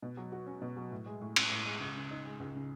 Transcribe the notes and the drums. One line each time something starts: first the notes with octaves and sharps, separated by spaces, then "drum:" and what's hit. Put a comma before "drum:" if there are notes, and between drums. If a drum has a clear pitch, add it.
B2
F#3
F#4
C#4
B2
F#3
A2
G#3
A2
C#4, drum: cymbal
A2
G#3
C#2
C#3
D#4
G#3
C#2
C#3